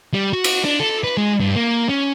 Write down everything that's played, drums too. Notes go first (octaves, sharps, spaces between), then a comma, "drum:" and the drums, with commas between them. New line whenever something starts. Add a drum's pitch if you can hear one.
G3
F#4
drum: cymbal
D4
A4
B4
G#3
G2
A#3
C#4